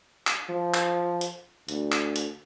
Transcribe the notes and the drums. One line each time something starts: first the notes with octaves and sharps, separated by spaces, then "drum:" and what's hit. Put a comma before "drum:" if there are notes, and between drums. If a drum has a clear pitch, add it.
drum: clap
F3
drum: clap
drum: hi-hat
D2, drum: hi-hat
drum: clap
drum: hi-hat